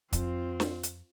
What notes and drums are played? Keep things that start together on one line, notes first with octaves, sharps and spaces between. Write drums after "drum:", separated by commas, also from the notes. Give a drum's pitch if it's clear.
F2 C4 F4, drum: kick, hi-hat
drum: snare
drum: hi-hat